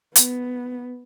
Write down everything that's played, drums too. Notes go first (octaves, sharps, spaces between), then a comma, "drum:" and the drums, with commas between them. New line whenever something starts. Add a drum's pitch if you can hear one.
B3, drum: hi-hat